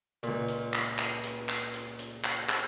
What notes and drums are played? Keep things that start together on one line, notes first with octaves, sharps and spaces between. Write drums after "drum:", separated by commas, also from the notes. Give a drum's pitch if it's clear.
C#2 A#2, drum: hi-hat
drum: hi-hat
drum: clap
drum: clap
drum: hi-hat
drum: clap
drum: hi-hat
drum: hi-hat
drum: clap
drum: clap